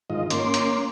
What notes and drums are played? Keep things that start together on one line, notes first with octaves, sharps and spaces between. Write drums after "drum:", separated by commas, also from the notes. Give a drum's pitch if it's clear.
G#2 D#3 F4 D#5
A#3 C#4 C6 D6, drum: hi-hat
drum: hi-hat